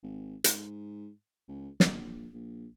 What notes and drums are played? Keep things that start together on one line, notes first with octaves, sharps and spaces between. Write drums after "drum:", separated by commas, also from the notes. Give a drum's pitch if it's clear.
G#1
G#2, drum: hi-hat
C#2
A#1, drum: snare
A#1